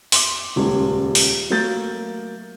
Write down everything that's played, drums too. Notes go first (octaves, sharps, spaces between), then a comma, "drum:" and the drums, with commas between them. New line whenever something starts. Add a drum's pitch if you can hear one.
C6 D6, drum: open hi-hat
D#1 C#2
drum: open hi-hat
F#3 A3 A#3 A#4 G6 A6